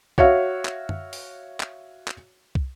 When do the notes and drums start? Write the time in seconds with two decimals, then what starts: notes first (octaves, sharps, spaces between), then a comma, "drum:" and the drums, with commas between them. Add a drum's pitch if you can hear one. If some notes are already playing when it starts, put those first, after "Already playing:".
0.18 F#4 C#5 E5 F5, drum: kick
0.65 drum: clap
0.89 drum: tom F#2
1.13 drum: open hi-hat
1.60 drum: clap
2.08 drum: clap
2.55 drum: kick